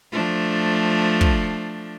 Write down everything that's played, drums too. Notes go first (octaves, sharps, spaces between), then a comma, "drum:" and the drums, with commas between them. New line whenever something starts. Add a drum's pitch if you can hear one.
F3 A3 D4
drum: kick